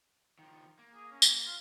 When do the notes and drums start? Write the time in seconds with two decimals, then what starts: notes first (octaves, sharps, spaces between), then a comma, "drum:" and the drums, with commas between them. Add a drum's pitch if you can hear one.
0.39 D#3 F3
0.79 A#3
0.94 G#4
1.11 C#4
1.22 drum: tambourine
1.46 F4